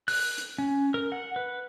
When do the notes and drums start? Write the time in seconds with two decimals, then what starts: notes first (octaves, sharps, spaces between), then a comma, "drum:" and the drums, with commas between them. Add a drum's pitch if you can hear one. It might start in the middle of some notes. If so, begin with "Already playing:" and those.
0.08 F#6, drum: open hi-hat
0.38 drum: hi-hat
0.58 C#4
0.94 A#4
1.12 F#5
1.36 B4